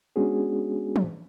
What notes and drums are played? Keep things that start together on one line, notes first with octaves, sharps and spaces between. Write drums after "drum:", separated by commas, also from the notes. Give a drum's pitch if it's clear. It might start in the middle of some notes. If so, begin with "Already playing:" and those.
G#3 B3 C#4 D4 F#4 G#4
drum: tom E3